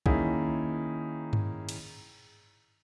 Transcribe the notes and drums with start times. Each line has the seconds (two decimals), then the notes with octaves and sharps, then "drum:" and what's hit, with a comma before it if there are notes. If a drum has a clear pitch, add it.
0.06 D#3 A#3 C#4 D#4 E4 G#4, drum: kick
1.33 drum: tom G2
1.69 drum: cymbal